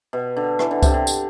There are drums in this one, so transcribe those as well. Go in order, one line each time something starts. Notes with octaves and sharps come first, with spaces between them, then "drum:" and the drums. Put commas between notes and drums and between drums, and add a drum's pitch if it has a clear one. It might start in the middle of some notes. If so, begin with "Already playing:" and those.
B2
D3
E3, drum: rim click
D3
C3, drum: kick C2, tambourine
D3
drum: tambourine